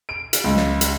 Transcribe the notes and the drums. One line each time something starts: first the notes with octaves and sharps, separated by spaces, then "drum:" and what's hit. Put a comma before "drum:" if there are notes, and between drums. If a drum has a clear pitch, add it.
D7
drum: hi-hat
C#2
drum: snare
drum: hi-hat